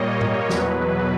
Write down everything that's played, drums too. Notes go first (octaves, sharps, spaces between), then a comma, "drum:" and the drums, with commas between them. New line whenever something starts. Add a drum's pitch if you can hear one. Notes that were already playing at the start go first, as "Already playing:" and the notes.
Already playing: A#2 G3 A#3 C#5 D#5
drum: tom G#2
E2 B2 F#3 B4, drum: snare